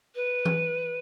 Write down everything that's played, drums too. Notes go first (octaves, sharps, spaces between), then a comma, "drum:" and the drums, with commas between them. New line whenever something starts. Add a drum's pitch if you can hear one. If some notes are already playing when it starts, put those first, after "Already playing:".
B4
drum: tom E3